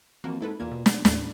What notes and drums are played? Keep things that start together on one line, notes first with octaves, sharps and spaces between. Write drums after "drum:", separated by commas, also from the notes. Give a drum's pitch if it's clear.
F2 E3 A#3 F#4
G#2 E4 A4 B4
E2 A#2 A#3 G#6
B2
B1 B3, drum: snare
A1 D#2 A2 A3, drum: snare